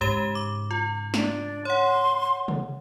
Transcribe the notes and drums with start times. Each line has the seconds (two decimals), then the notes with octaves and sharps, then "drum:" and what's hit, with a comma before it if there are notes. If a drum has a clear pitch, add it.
0.01 G#2 C#3 G#3 G4 E7
0.35 D6
0.71 F4
1.14 D4, drum: snare
1.65 C#5 F#5 C6
2.48 drum: tom C3